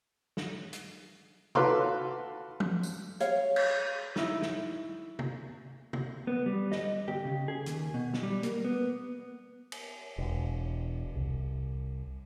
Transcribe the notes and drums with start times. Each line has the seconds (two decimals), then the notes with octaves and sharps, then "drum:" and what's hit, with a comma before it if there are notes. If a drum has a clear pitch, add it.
0.37 drum: snare
0.73 drum: hi-hat
1.55 F#4 A4 B4 F5 C6 D6, drum: tom
2.60 drum: tom F3
2.83 drum: tambourine
3.20 C#5 F5, drum: hi-hat
3.56 drum: cymbal
4.16 D#4 E4, drum: snare
4.42 drum: snare
5.19 drum: tom
5.93 drum: tom
6.27 B3
6.46 G3
6.72 D#5, drum: snare
7.08 G4, drum: tom D3
7.25 C#3
7.48 G#4
7.66 D#2, drum: hi-hat
7.94 B2
8.13 drum: snare
8.23 G3
8.43 A#3, drum: hi-hat
8.64 B3
9.72 drum: cymbal
10.18 E1
11.16 C2